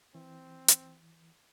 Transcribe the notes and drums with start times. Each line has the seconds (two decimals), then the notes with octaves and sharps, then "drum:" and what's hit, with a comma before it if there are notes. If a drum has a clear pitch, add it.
0.15 E3 C4
0.68 drum: hi-hat